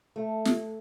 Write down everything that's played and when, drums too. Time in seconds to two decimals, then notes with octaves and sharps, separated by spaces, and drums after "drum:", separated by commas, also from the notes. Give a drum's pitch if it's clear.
0.16 A3
0.45 drum: snare